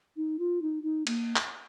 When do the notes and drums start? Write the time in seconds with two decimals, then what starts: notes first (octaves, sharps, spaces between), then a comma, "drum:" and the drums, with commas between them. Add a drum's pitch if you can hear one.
0.16 D#4
0.39 F4
0.62 D#4
0.83 D#4
1.07 A#3, drum: cymbal
1.36 drum: clap